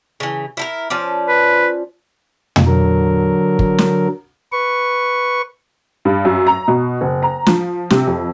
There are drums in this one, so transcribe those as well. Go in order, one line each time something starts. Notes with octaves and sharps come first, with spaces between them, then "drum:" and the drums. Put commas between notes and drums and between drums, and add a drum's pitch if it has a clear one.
C#3 E3
E4 A4 A#4
F3 C#4 D5
B4
drum: tom
D3 F#3 A#4
drum: kick
drum: snare
B4 C#6
G2
F#2
A#5
B2
F#1
A#5
F3, drum: snare
C3, drum: snare
F2